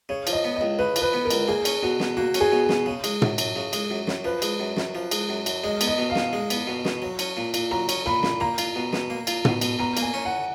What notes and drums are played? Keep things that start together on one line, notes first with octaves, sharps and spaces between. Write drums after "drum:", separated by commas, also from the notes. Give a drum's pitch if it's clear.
C#3 C#5
F3, drum: cymbal
D#5
B3
C#2 D#5
C#3 B4
F3, drum: cymbal
B4
B3
A#4
C#2, drum: cymbal
A#3 G#4
C#4, drum: cymbal
B2 F#4
B2, drum: snare
A#3 F#4
C#4, drum: cymbal
G#4
B2
B2, drum: snare
C#3
G#3, drum: cymbal
F#2, drum: tom
F#2, drum: cymbal
C#3
G#3, drum: cymbal
F#2
F#2, drum: snare
F3 B4
G#3, drum: cymbal
F#2
F#2, drum: snare
F3
G#3, drum: cymbal
F#2
F#2, drum: cymbal
G#3 D#5
B3, drum: cymbal
D#5
B2
F5
B2, drum: snare
G#3
B3, drum: cymbal
B2
B2, drum: snare
F#3
C#4, drum: cymbal
A#2
A#2, drum: cymbal
F#3 A#5
C#4, drum: cymbal
A#2 B5
A#2, drum: snare
A#3 A#5
F4, drum: cymbal
B2
B2, drum: snare
A#3
F4, drum: cymbal
B2, drum: tom
B2, drum: cymbal
B2 A#5
A#3, drum: cymbal
G#5
C#4
F#5